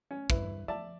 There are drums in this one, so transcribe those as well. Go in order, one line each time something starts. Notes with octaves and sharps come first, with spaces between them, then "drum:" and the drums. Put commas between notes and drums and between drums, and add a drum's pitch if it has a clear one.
C#4
E2 G2 E4 B4, drum: kick
F3 D5 E5 A5